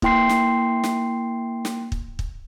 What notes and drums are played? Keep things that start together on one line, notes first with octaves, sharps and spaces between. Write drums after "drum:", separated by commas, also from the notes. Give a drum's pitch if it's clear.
A#3 E4 G5 C6 C7, drum: kick
drum: snare
drum: snare
drum: snare
drum: kick
drum: kick